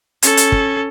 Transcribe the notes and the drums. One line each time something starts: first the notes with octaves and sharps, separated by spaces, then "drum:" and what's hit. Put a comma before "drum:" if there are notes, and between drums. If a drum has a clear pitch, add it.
C#4 A4, drum: hi-hat
drum: hi-hat
drum: kick